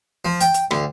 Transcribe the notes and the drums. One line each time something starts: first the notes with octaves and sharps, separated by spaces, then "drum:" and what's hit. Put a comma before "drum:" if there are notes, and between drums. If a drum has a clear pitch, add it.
F3
G5, drum: hi-hat
drum: hi-hat
D2, drum: rim click